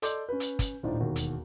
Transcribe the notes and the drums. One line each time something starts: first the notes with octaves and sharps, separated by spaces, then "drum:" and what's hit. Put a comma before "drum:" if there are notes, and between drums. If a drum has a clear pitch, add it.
A4 D5 D#5 C6 D6 G6, drum: hi-hat
C#4 B4
drum: hi-hat
drum: kick, hi-hat
D#1 A2 D4 D#4 F4 C5
E1 D#2 F#4
drum: hi-hat